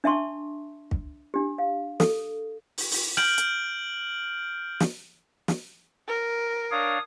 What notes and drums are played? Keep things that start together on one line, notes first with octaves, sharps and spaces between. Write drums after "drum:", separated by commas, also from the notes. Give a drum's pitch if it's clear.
D4 E5 A5 C6 C#6
drum: kick
D4 G4
F5
A4, drum: snare
drum: open hi-hat
drum: open hi-hat
F6 G6 D7 F#7, drum: rim click
drum: hi-hat
drum: snare
drum: snare
A#4
D4 C#5 F5 D#6